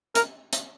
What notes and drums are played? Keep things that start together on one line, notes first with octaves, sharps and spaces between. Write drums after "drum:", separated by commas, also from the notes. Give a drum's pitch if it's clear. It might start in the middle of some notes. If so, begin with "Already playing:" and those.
A#4, drum: hi-hat
drum: hi-hat